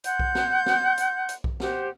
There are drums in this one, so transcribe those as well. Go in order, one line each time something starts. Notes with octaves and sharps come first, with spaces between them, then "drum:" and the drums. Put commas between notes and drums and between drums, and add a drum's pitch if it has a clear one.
F#5 C6 G6, drum: hi-hat
drum: kick B1
drum: snare
drum: snare
drum: hi-hat
drum: hi-hat
drum: kick B1
G4 C5 F#5, drum: snare